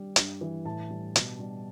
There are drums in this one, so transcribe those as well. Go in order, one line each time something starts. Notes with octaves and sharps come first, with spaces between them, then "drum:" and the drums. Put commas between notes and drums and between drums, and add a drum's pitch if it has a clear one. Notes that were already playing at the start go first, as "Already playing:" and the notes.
Already playing: G3
G2, drum: hi-hat
E3
A2 A5
G3
B2, drum: hi-hat
G3